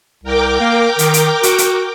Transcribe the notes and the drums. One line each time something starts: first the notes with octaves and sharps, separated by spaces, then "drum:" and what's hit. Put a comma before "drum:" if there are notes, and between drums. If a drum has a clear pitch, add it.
C2 A#4 G5 D6
A#3
D#3, drum: hi-hat
drum: hi-hat
F#4, drum: hi-hat
drum: hi-hat